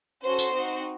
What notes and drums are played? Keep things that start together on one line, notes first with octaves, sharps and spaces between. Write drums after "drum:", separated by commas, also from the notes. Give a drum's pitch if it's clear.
C#4 F#4 A4 C5
drum: tambourine
C4 D#4 F#4